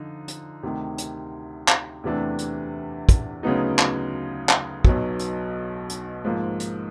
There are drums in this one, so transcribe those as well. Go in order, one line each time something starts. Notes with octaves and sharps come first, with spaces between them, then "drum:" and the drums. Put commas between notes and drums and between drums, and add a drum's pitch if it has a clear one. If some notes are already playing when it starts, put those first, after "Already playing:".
Already playing: D3 F3 D#4
drum: hi-hat
D2 C3 D#3
drum: hi-hat
drum: clap
E2 C3 E3 A3 D4
drum: hi-hat
drum: kick, hi-hat
D2 C#3 F#3 B3 D#4
drum: clap
drum: clap
B1 B2 F#3, drum: kick
drum: hi-hat
drum: hi-hat
G#2 F3 A#3
drum: hi-hat